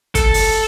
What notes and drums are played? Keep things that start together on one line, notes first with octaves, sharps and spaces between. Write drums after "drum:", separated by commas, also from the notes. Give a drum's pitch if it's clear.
A4, drum: kick, hi-hat
drum: open hi-hat